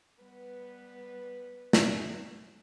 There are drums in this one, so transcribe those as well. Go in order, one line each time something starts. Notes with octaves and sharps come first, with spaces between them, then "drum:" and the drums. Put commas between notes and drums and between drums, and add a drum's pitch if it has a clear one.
G3 B3 B4
drum: snare